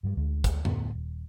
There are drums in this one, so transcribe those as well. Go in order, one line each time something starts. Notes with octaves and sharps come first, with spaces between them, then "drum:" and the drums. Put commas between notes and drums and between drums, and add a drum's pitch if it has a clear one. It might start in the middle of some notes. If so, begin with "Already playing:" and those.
G2 F#3 G3
D2 D3 G#3
drum: kick, hi-hat
D2 A2 B3, drum: tom F2
D#1